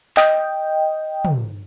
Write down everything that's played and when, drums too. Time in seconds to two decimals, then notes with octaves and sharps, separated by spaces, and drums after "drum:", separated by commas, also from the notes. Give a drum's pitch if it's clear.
0.17 D#5 G5, drum: clap
1.25 drum: tom